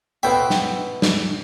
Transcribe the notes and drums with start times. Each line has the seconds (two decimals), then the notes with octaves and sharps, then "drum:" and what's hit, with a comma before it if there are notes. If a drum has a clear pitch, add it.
0.23 B2 B4 C5 E5 G5
0.50 drum: snare
1.02 drum: snare